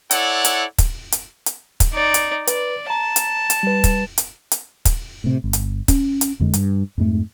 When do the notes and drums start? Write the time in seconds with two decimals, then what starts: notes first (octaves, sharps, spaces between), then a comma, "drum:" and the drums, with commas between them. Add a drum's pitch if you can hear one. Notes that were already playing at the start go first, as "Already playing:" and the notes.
0.11 E4 A4 C#5 D5 F#5, drum: hi-hat
0.45 drum: hi-hat
0.78 drum: kick, hi-hat
1.12 drum: hi-hat
1.46 drum: hi-hat
1.80 drum: kick, hi-hat
1.93 D#4 D5
2.14 drum: hi-hat
2.47 B4 D5, drum: hi-hat
2.90 A5 A#5
3.16 drum: hi-hat
3.50 drum: hi-hat
3.63 G3 B4
3.84 drum: kick, hi-hat
4.18 drum: hi-hat
4.52 drum: hi-hat
4.85 drum: kick, hi-hat
5.24 A2 C3
5.44 G1
5.53 drum: hi-hat
5.88 C#4, drum: kick, hi-hat
6.21 drum: hi-hat
6.39 F#1 F2 D3 G#3
6.54 G2, drum: hi-hat
6.98 F2 G#2 A3